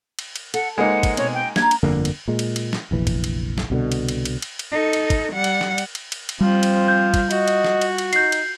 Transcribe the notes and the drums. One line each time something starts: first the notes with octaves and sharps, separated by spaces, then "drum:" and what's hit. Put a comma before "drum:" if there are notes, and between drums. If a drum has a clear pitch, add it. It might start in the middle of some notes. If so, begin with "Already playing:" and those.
drum: cymbal
drum: cymbal
A4 F#5, drum: cymbal
G#3 A#3 D#4 G#4 B4 C5 F#5
drum: kick, cymbal
B2 B3 C4 C#5, drum: cymbal
G5
A#3 D4 A#5 G#6, drum: snare
drum: cymbal
G1 F2 D3 A#3
drum: cymbal
A#2 G#3
drum: cymbal
drum: cymbal
drum: snare
F1 A#1 E3
drum: kick, cymbal
drum: cymbal
drum: snare
C2 B2 D3
drum: cymbal
drum: cymbal
drum: cymbal
drum: cymbal
drum: cymbal
D#4 A4
drum: cymbal
drum: kick, cymbal
G3 F#5
drum: cymbal
drum: snare
drum: cymbal
drum: cymbal
drum: cymbal
drum: cymbal
F3 G3 C4
drum: cymbal
G6
drum: kick, cymbal
F#4 D#5, drum: cymbal
drum: cymbal
drum: snare
drum: cymbal
drum: cymbal
D#4 G6 C7, drum: cymbal
drum: cymbal